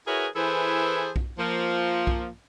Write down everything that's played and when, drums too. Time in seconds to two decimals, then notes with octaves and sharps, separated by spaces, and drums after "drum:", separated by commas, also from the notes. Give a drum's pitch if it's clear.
0.06 E4 F#4 G#4 A#4 B4 C#5
0.35 E3 E4 G#4 A4 B4 C5
1.16 drum: kick B1
1.39 F3 A#3
2.07 drum: kick B1